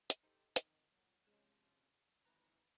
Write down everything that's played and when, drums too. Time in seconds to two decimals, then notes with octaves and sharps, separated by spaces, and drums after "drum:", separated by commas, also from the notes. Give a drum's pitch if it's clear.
0.10 drum: hi-hat
0.23 D#4 G4 A4 C5 C#7
0.56 F2 G#2 D#3, drum: hi-hat
0.90 A#2 F#3
1.27 C3 F3 G#3 C#4 E7
2.25 G#1 G#2 E3 B4 A#5